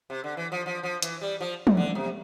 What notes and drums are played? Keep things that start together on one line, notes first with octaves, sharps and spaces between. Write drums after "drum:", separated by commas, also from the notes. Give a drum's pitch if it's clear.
C3
D3
E3
F3
F3
F3
E3, drum: hi-hat
G3
F3
drum: tom
D3
C3